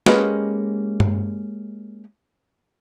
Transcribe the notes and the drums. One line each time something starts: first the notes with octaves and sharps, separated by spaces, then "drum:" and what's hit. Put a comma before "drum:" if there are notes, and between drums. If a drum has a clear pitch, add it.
G#3 A#3 C#4 G4 B4 D#5, drum: snare
drum: tom G2